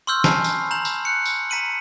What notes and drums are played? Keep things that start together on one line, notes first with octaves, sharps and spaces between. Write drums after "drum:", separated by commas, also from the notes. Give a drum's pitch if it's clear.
C6 C#6 E6 F6 G6
G#5 A5 B5 C7, drum: snare
drum: tambourine
A#5 G6 F7 F#7
drum: tambourine
F#6 C#7
drum: tambourine
A#5 B6 C#7 D#7 F#7